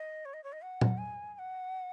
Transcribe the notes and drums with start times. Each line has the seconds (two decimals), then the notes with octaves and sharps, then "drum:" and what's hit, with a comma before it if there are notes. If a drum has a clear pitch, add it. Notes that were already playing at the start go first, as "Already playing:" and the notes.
Already playing: D#5
0.25 C#5
0.34 D#5
0.44 C#5
0.53 D#5
0.62 F#5
0.81 drum: tom A#2
0.98 G#5
1.35 G#5
1.39 F#5